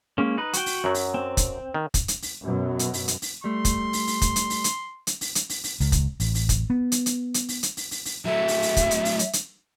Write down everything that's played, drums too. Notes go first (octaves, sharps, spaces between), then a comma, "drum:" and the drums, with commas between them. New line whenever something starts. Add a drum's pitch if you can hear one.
G#3 A#3 C#4
D#4 B4
F#4 G5, drum: hi-hat
drum: open hi-hat
F#2 F#3
drum: open hi-hat
C4
drum: kick, hi-hat
D#3
drum: kick, hi-hat
drum: hi-hat
drum: open hi-hat
F#2 B2 F#3
drum: hi-hat
drum: open hi-hat
drum: hi-hat
drum: open hi-hat
G3 A3 C6
drum: kick, hi-hat
drum: open hi-hat
drum: open hi-hat
drum: kick, hi-hat
drum: hi-hat
drum: open hi-hat
drum: hi-hat
drum: hi-hat
drum: open hi-hat
drum: hi-hat
drum: open hi-hat
drum: open hi-hat
C#2, drum: open hi-hat
drum: kick, hi-hat
A1, drum: open hi-hat
drum: open hi-hat
drum: kick, hi-hat
B3
drum: hi-hat
drum: hi-hat
drum: hi-hat
drum: open hi-hat
drum: hi-hat
drum: open hi-hat
drum: open hi-hat
drum: open hi-hat
F#3 A3 E5
drum: open hi-hat
drum: open hi-hat
drum: kick, hi-hat
drum: hi-hat
drum: open hi-hat
drum: hi-hat
drum: hi-hat